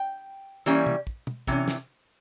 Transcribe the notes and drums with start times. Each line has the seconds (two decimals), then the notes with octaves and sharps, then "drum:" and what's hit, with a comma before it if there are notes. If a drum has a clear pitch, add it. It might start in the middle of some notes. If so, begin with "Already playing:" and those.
Already playing: G5
0.66 E3 G3 A#3 C#4
0.86 drum: tom
1.07 drum: kick
1.27 drum: tom
1.47 C3 E3 C#4, drum: kick
1.68 drum: snare